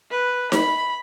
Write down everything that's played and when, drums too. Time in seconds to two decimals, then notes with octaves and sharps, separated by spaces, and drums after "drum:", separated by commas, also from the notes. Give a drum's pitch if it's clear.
0.10 B4
0.52 B5, drum: snare D#4